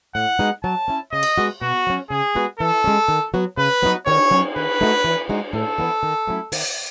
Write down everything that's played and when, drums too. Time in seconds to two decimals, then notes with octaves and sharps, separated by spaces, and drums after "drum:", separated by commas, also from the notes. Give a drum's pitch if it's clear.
0.15 A2 F#5
0.39 G#3 B3 D#4 F#4
0.63 F#3 A5
0.88 C#4 E4
1.12 C#3 D#5
1.23 drum: cymbal
1.38 G#3 B3 F#4
1.62 B2 F#4
1.87 F#3 C#4
2.10 C#3 G#4
2.35 G#3 B3 F#4
2.59 E3 A4
2.84 G#3 C#4
3.08 D#3
3.34 F#3 B3 F#4
3.58 C#3 B4
3.83 F#3 B3 D#4 F#4
4.06 D#3 C#5, drum: cymbal
4.31 F#3 C#4
4.56 D#3 B4
4.81 A3 D#4 F#4
5.04 E3
5.29 G#3 D#4 F#4
5.53 A2 A4
5.78 E3 B3 E4
6.03 D#3
6.28 F#3 A3 C#4 E4
6.52 D#3, drum: open hi-hat